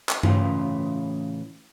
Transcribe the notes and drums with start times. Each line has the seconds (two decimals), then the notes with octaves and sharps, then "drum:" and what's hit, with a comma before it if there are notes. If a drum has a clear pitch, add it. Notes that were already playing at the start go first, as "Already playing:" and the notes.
0.09 drum: clap
0.23 A2 C#3 E3 E4 F4, drum: tom G2